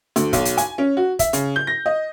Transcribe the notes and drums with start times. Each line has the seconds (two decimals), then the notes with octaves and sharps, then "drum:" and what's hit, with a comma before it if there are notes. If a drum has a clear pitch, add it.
0.16 D2, drum: hi-hat
0.33 B1, drum: kick, hi-hat
0.45 drum: hi-hat
0.57 G#5, drum: hi-hat
0.78 C#4
0.97 F#4
1.19 E5, drum: kick, hi-hat
1.33 C#3, drum: hi-hat
1.56 G6
1.67 A#6
1.86 D#5